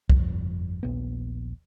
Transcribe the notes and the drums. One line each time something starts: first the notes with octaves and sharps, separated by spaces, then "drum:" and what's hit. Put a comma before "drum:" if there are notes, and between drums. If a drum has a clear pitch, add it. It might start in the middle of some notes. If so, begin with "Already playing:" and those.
G1 F2, drum: kick C2
D#1 A#1 B3